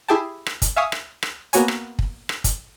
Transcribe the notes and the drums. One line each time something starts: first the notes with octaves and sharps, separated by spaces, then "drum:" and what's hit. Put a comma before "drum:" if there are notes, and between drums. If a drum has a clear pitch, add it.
E4 G4 G#4 G5 A5
drum: rim click
drum: kick, hi-hat
E5 F5 G#5 C#6 D#6
drum: rim click
drum: rim click
A#3 B3 F#4 C#5 G#5, drum: hi-hat
drum: rim click
drum: kick
drum: rim click
drum: kick, hi-hat